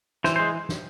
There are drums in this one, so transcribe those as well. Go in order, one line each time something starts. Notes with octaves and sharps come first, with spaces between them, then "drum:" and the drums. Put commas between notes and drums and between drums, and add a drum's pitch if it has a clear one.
E3 C5, drum: snare
G#3 C5
drum: snare